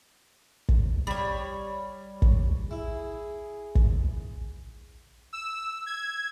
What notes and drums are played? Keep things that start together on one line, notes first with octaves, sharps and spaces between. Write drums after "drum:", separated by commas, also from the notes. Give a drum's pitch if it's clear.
drum: kick
G3 C#5
drum: kick
E4 G#4
drum: kick
E6
G#6